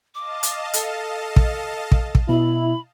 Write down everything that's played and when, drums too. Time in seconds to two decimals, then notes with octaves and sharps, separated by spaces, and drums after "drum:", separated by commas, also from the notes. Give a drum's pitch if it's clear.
0.15 D#5 F5 A5 D6
0.43 drum: hi-hat
0.73 A4, drum: hi-hat
1.36 drum: kick
1.92 drum: kick
2.15 drum: kick
2.29 B2 E4 B5